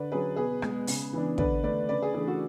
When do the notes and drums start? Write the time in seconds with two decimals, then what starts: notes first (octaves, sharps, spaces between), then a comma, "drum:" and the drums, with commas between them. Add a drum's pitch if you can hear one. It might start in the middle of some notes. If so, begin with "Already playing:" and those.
Already playing: D3 B4 D5
0.12 F#3 C#4 G#4 B4
0.36 B2 G#4 B4
0.62 G#3 B3, drum: rim click
0.87 C#3, drum: open hi-hat
1.13 E3 B3 D4
1.38 D3 B4 D5, drum: kick
1.64 A3 D4 B4 D5
1.89 C#3 B4 D5
2.02 G#4
2.14 E3 A3 D4 G#4
2.27 F#4 A4